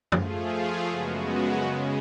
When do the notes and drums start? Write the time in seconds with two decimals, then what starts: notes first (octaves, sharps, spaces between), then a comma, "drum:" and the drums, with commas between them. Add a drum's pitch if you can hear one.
0.12 F3 A3 F4 G#4, drum: tom F#2
0.87 F#2 C#3 G#3 B3 F#4
1.64 C#3 G#3 C#4 G#4